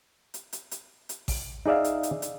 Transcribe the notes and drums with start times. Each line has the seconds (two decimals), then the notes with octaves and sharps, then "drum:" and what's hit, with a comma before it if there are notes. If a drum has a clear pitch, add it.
0.34 drum: hi-hat
0.53 drum: hi-hat
0.71 drum: hi-hat
1.09 drum: hi-hat
1.28 drum: kick A1, open hi-hat
1.66 D#4 G#4 D5 E5 F5
1.84 drum: hi-hat
2.03 drum: hi-hat
2.22 drum: hi-hat